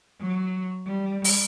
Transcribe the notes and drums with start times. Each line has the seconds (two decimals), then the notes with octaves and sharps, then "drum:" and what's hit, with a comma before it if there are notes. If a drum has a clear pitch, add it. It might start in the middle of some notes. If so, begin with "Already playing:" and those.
0.21 F#3
0.87 G3
1.24 drum: open hi-hat